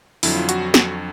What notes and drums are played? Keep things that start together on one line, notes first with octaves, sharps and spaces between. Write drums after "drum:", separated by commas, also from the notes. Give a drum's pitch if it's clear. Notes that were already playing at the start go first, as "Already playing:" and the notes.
F2 D3 F#3 E4, drum: open hi-hat
F4
F#4, drum: hi-hat
F#4, drum: snare